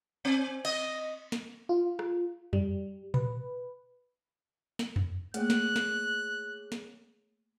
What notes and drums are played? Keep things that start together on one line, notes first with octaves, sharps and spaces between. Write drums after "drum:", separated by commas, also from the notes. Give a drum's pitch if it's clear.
C4
D#5, drum: cymbal
drum: snare
F4
drum: rim click
G3, drum: tom F2
B4, drum: tom A#2
drum: snare
drum: tom F2
A3 A#3 G#4 C#5 F#6, drum: hi-hat
drum: snare
drum: snare
drum: snare